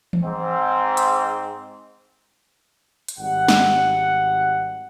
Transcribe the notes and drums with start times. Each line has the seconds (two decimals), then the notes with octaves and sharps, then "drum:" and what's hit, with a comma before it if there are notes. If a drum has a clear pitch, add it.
0.13 drum: tom E3
0.24 G#2 C4
0.97 drum: hi-hat
3.08 drum: hi-hat
3.19 G#1 G3 F#5
3.48 drum: snare